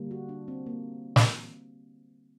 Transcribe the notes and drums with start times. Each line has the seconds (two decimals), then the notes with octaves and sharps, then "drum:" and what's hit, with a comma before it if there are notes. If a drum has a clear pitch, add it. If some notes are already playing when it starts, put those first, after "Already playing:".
Already playing: D3 G3 A#3
0.11 F#4
0.29 D4
0.48 C4
0.66 A#3
1.16 drum: snare